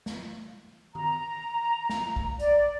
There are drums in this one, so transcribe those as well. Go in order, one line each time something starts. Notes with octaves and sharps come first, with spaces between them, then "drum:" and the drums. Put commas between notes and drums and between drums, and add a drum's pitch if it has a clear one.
drum: snare
A#5, drum: tom D#3
drum: snare
drum: kick
D5, drum: hi-hat